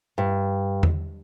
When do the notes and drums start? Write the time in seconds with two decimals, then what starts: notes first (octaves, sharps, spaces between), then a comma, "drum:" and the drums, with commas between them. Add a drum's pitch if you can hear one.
0.18 G2
0.83 drum: tom E2